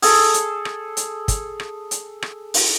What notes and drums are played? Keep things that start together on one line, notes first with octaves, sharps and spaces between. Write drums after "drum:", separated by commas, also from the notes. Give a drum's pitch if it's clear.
G#4 A4, drum: open hi-hat
drum: hi-hat
drum: rim click
drum: hi-hat
drum: kick, hi-hat
drum: rim click
drum: hi-hat
drum: rim click
drum: open hi-hat